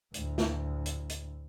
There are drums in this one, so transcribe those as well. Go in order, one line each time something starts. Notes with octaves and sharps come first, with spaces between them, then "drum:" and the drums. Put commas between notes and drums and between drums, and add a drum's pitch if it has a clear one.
D2 A2, drum: hi-hat
drum: snare
drum: hi-hat
drum: hi-hat